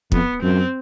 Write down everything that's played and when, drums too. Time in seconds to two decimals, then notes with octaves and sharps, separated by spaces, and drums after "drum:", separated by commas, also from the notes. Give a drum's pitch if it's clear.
0.12 F2 B3, drum: kick
0.42 F#2 C4